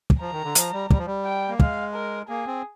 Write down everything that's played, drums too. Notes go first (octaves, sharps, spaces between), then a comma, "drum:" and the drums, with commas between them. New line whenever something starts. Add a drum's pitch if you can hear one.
drum: kick
F3 A#5
D#3
D3
F3, drum: hi-hat
G3
G3, drum: kick
F3
G3
G5
A#3
G#3 F5, drum: kick
A#4
A#3 G#4
C4